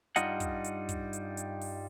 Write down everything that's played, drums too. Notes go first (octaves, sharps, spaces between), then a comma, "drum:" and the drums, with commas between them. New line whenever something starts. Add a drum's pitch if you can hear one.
G2 G3 D#4 F4 D#5 F#5, drum: hi-hat
drum: kick, hi-hat
drum: hi-hat
drum: kick, hi-hat
drum: hi-hat
drum: hi-hat
drum: open hi-hat